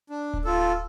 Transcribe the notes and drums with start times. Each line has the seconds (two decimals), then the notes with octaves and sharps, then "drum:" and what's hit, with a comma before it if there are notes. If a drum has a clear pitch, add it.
0.10 D4
0.34 drum: kick D1
0.45 F4 A4